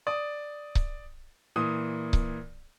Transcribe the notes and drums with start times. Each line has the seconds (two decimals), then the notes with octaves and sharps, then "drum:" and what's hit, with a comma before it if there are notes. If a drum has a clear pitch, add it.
0.07 D5 D#6
0.75 drum: kick C#1
1.56 A#2 E3 D#6
2.13 drum: kick C#1